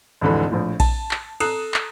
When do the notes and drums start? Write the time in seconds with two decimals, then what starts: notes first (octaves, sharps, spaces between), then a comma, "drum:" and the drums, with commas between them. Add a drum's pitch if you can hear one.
0.21 F1 D2 G#2 D3 E3 B5
0.50 A#1 A2 F3
0.80 A5, drum: kick A#1, cymbal
1.11 drum: clap
1.40 A4 A#5 D#6 F#6 C7 E7, drum: cymbal
1.74 drum: clap